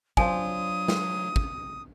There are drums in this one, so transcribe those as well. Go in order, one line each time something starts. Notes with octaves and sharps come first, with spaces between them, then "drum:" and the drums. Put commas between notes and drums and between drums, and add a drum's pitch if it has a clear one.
F#3 D4 F4 C5 G#5 D#6, drum: kick
drum: snare
drum: kick